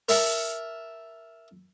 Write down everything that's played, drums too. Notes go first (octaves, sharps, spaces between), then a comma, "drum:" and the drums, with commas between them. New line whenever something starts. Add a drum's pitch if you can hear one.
A#4 E5 A5, drum: open hi-hat